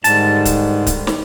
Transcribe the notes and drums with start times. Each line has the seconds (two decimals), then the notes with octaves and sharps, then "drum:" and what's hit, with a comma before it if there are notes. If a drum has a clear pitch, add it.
0.04 G#2 D3 D#3 G3 A5, drum: hi-hat
0.45 drum: kick D1, hi-hat
0.87 drum: kick D1, hi-hat
1.07 drum: snare